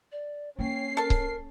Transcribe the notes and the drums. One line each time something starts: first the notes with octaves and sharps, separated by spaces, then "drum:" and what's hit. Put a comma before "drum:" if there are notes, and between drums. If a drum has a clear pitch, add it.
D5
A#3 C#4 G5 C7
A4 A#4 A5
drum: kick C#1